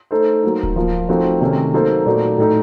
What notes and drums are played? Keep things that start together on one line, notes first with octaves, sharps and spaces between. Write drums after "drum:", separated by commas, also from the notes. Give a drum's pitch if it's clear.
A3 D#4 A4 C5
F#3 A#3 D#4
drum: kick D1
F3 A#3 F4
F3 A3 C4 D#4 F#4
C3 D#3 A3 C#4
F#3 A#3 D#4 A4 C5
A#2 F#3 A3 D#4 F#4
A2 A3 D#4